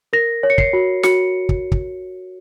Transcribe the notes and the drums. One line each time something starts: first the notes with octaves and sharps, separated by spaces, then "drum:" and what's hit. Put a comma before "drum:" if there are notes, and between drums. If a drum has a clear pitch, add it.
A#4 A#6
C#5
C#7
C7, drum: kick
F#4
F#4 C#7, drum: snare
drum: kick
drum: kick